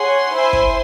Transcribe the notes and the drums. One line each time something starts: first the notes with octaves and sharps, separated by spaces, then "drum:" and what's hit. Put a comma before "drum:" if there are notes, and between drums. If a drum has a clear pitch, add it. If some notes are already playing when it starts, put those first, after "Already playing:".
Already playing: G#4 C#5 F#5 C6
E4 C5 E5 G#5
drum: kick